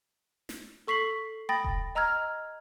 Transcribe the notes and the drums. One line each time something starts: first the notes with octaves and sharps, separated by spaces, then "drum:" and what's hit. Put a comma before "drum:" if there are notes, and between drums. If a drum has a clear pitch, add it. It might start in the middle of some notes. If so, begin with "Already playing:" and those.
drum: snare
A4 C#6 B6 C7 F#7
G5 B5 D#6 A6 A#6
drum: kick E1
D#5 A#5 E6 F6 G#6